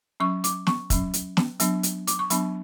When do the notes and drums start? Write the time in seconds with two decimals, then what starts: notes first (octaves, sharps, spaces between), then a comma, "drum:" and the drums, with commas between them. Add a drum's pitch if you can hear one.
0.20 F#3 C#4 C#6
0.44 D6, drum: hi-hat
0.67 C#6, drum: snare
0.90 F#3 C#4, drum: kick, hi-hat
1.14 drum: hi-hat
1.37 drum: snare
1.60 F#3 B3 D4, drum: hi-hat
1.83 drum: hi-hat
2.07 D6, drum: hi-hat
2.19 C#6
2.30 F#3 B3 D4 B5, drum: hi-hat